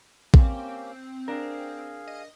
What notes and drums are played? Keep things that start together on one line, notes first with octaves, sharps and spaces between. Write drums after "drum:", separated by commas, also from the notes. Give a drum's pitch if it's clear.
A#3 C4 C#4 G4, drum: kick
D4 G#4 A#4 F5
D#5